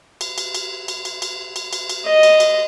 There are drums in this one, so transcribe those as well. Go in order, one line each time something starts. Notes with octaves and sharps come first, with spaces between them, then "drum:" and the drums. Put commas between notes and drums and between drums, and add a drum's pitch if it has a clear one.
drum: cymbal
drum: cymbal
drum: cymbal
drum: cymbal
drum: cymbal
drum: cymbal
drum: cymbal
drum: cymbal
drum: cymbal
D#5
drum: cymbal
drum: cymbal